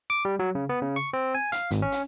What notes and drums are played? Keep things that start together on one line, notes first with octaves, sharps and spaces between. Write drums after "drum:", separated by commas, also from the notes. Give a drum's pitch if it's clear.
D6
G3
F#3
C#3
B3
C#3
C#6
C4
G#5
F5, drum: hi-hat
G#1, drum: hi-hat
C#4
drum: hi-hat